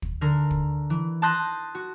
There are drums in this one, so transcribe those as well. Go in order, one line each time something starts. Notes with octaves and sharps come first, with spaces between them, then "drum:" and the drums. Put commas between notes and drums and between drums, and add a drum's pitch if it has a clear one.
drum: kick
D3 A#4
drum: kick
E3
A5 C6 D#6 F#6 G6 A#6
F#4